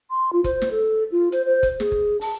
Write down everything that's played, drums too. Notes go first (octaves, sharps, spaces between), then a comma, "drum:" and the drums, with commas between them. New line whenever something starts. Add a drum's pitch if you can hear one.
C6
F4
C5, drum: kick F#1, hi-hat
drum: snare
A4
F4
C5, drum: hi-hat
C5
drum: kick F#1, hi-hat
G#4, drum: snare
drum: kick F#1
A5, drum: open hi-hat